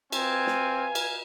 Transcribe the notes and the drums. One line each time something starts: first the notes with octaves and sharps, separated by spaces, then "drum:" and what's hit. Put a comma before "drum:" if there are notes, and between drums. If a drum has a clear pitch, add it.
C4 B4 F5 G#5, drum: cymbal
drum: snare
drum: cymbal